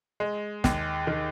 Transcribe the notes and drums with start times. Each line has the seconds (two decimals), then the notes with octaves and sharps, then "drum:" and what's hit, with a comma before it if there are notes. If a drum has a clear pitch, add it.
0.20 G#3
0.64 D#2, drum: snare
1.07 D#3